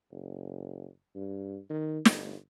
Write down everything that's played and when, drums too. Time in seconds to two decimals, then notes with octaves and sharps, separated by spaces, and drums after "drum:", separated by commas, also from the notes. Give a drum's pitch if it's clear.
0.12 F#1
1.15 G2
1.70 D#3
2.05 G1, drum: snare